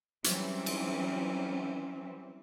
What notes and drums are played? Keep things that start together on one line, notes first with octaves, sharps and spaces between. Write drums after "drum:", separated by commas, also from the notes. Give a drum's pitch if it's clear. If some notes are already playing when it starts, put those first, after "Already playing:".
E3 F#3 G3 C4 C#4, drum: hi-hat
drum: cymbal